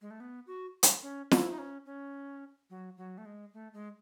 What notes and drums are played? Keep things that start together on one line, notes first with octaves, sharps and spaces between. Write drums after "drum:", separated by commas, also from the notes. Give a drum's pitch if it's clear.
G#3
A3
B3
F#4
drum: hi-hat
C#4
E4, drum: snare
D#4
C#4
C#4
F#3
F#3
A3
G#3
A3
G#3